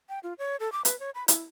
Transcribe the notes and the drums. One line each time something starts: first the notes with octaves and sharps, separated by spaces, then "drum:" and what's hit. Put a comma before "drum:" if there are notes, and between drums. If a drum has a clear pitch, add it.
G5
F4
C#5
A4
D6
B4, drum: hi-hat
C#5
B5
E4, drum: hi-hat